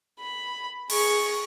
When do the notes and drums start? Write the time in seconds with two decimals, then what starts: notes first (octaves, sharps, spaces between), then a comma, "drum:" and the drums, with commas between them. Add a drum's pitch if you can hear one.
0.19 B5
0.90 G#4 C#6, drum: open hi-hat